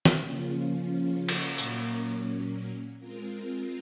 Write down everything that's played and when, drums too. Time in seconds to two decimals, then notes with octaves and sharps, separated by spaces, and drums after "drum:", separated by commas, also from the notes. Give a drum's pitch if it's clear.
0.05 drum: snare
0.20 C#3 F3 A#3 C#4 F4
1.28 drum: cymbal
1.58 A#2 F#3 A#3 C#4, drum: tambourine
2.98 G#3 C4 F4 A#4